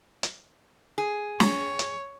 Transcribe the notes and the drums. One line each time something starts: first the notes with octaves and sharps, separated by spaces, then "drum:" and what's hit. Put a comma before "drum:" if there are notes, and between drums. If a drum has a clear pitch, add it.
drum: hi-hat
G#4
C#5, drum: snare
drum: hi-hat